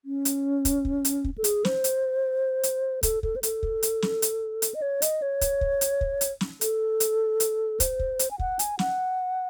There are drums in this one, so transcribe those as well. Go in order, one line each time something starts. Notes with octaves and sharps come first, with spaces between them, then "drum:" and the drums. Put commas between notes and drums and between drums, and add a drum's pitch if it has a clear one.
C#4
drum: hi-hat
drum: kick, hi-hat
drum: kick
drum: hi-hat
drum: kick
A4
G#4, drum: hi-hat
C5, drum: snare
drum: hi-hat
drum: hi-hat
A4, drum: kick, hi-hat
A4, drum: kick
C5
A4, drum: hi-hat
drum: kick
drum: hi-hat
drum: snare
drum: hi-hat
drum: hi-hat
D#5
C#5
D#5, drum: hi-hat
C#5
drum: kick, hi-hat
drum: kick
drum: hi-hat
drum: kick
drum: hi-hat
drum: snare
A4, drum: hi-hat
drum: hi-hat
drum: hi-hat
C5, drum: kick, hi-hat
drum: kick
drum: hi-hat
G#5
F#5, drum: kick
G#5, drum: hi-hat
F#5, drum: snare